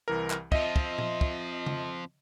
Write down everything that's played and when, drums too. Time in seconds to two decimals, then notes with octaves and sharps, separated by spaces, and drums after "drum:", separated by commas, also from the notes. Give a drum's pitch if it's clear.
0.08 C2 E3 A#4
0.30 drum: clap
0.52 F2 F3 D#5 E5, drum: kick
0.76 drum: kick
0.98 drum: tom A#2
1.21 drum: kick
1.66 drum: tom C#3